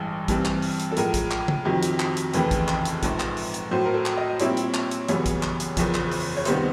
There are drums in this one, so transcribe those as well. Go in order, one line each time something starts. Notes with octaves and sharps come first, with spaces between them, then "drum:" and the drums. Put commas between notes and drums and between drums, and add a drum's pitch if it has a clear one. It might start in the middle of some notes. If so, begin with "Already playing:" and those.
Already playing: A1 G2 E3 G#3
G2 E3 G3 C4, drum: kick, hi-hat
drum: clap
drum: open hi-hat
drum: hi-hat
A4
A2 F3 G#3 A#4, drum: hi-hat
drum: kick, hi-hat
drum: clap
drum: tom C#3
F2 C3 D#3 F#3
drum: hi-hat
drum: clap
drum: hi-hat
F1 D#2 C#3 E3 A3 B4, drum: hi-hat
drum: kick, hi-hat
drum: clap
drum: hi-hat
A#1 G#2 F3, drum: kick, hi-hat
drum: clap
drum: open hi-hat
drum: hi-hat
A2 F#3 A3 C5
A#4
A4
drum: clap
D#5
A#2 G3 C4 E4 C#5, drum: hi-hat
drum: hi-hat
drum: clap
drum: hi-hat
F#2 C#3 E3 G3 B3 C#5, drum: hi-hat
drum: kick, hi-hat
drum: clap
drum: hi-hat
F#1 E2 C#3 F3, drum: kick, hi-hat
drum: clap
drum: open hi-hat
C#5
C#2 C3 D#3 G3 B3 C5, drum: hi-hat